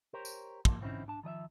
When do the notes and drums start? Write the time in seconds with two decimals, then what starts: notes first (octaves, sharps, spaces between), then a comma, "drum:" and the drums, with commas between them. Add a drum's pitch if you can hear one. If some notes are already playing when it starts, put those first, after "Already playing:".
0.13 G4 A#4 C5 C#5
0.25 drum: tambourine
0.65 F3 A#3, drum: kick
0.81 D3 E3 C4 C#4 D#4 E4
1.08 D4 A5
1.23 D#3 F3 D#5 E5